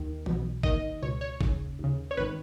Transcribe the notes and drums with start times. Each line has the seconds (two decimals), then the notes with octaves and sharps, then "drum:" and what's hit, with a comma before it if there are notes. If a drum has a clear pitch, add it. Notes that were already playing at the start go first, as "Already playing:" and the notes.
Already playing: D#2 D#3
0.26 B1 B2, drum: tom E3
0.63 D#2 D#3 D#5, drum: kick
1.02 C#2 B2 C#5
1.21 C#5
1.41 D#2 C#3, drum: kick
1.79 D#2 C#3
2.11 C#5
2.17 G#1 D#3 B4